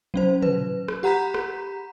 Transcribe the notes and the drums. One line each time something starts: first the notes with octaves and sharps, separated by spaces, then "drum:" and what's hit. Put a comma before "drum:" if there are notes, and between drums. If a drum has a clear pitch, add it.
F#3 C#4 C5
B4, drum: tom
drum: rim click
G4 F#5 A#5 B5 G6 B6
drum: rim click